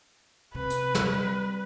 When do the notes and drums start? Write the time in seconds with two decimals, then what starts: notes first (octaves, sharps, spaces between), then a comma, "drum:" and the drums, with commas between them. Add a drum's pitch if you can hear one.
0.55 C3 B4
0.70 drum: hi-hat
0.95 G3, drum: snare